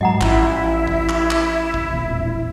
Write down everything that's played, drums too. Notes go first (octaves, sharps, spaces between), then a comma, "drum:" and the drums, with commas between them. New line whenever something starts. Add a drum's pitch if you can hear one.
G#2 F#3 D#5 F#5 A#5
A1 F3 E4, drum: clap
drum: kick
drum: clap
drum: clap
drum: kick
E1 A#1 F2